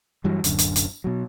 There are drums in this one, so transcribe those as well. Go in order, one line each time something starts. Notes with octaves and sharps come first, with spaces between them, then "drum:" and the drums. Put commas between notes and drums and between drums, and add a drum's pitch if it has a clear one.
G2 E3 F#3 G3
D1 F#2 D3, drum: hi-hat
drum: hi-hat
drum: hi-hat
B2 F#3